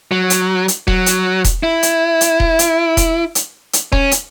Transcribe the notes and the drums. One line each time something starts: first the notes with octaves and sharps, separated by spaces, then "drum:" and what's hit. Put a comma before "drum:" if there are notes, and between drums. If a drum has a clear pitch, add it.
F#3
drum: hi-hat
drum: hi-hat
F#3, drum: kick E1
drum: hi-hat
drum: kick E1, hi-hat
E4
drum: hi-hat
drum: hi-hat
drum: kick E1
drum: hi-hat
drum: kick E1, hi-hat
drum: hi-hat
drum: hi-hat
C#4, drum: kick E1
drum: hi-hat